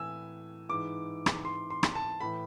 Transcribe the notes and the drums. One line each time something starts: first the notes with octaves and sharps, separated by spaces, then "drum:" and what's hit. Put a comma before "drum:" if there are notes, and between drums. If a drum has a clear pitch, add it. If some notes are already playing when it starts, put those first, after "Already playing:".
Already playing: A2 E3 G#5 E6
G#2 E3 D6
drum: rim click
C6
C6
drum: rim click
A5
A2 E3 B5